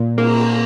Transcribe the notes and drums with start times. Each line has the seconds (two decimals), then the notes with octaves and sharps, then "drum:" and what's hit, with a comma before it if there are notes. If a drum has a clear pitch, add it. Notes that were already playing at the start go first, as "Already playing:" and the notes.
Already playing: A#2
0.18 A#3, drum: cymbal